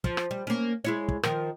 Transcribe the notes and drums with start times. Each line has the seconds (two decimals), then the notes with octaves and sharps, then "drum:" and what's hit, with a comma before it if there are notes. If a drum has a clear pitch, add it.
0.04 F3, drum: kick
0.17 drum: rim click
0.31 G3
0.47 A#3 C#4
0.84 G#3 E4 C#5
1.08 drum: kick
1.23 D#3 F3 A#4, drum: rim click